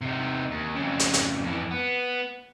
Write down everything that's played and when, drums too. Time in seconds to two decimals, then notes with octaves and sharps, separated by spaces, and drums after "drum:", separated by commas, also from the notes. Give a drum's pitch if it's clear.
0.01 C3 D#4
0.51 D#2
0.75 F2 C#3
0.99 drum: hi-hat
1.13 drum: hi-hat
1.43 F2 E3
1.71 B3